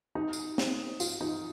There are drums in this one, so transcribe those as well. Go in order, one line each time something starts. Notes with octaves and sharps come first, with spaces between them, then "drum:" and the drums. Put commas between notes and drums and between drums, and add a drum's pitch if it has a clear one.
D#4
drum: tambourine
drum: snare
F4, drum: tambourine
D#4